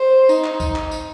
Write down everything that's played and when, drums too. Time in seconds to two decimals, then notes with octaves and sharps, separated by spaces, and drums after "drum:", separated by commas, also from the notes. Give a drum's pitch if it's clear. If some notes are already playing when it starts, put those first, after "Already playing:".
Already playing: C5
0.29 D#4, drum: tambourine
0.44 drum: clap
0.60 drum: kick C2, tambourine
0.76 drum: clap
0.91 drum: tambourine